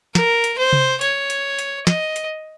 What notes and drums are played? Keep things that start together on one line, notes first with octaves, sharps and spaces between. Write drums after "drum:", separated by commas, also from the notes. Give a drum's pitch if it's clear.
A#4, drum: snare
drum: hi-hat
C5
drum: tom C3
C#5, drum: hi-hat
drum: hi-hat
drum: hi-hat
D#5, drum: snare
drum: hi-hat